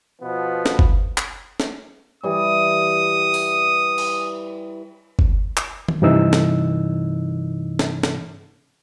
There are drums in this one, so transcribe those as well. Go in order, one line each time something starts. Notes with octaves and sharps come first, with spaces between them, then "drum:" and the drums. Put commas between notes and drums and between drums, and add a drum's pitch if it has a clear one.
B2 F3 B3
drum: snare
drum: kick
drum: clap
drum: snare
E3 G3 D#6
drum: open hi-hat
drum: cymbal
drum: kick
drum: clap
drum: tom D#3
G2 C3 E3 D#4 E6
drum: snare
drum: snare
drum: snare